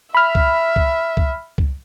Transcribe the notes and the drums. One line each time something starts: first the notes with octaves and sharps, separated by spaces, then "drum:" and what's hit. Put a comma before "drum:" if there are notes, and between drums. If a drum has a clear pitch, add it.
E5 B5 F6
drum: kick C#2
drum: kick C#2
drum: kick C#2
drum: kick C#2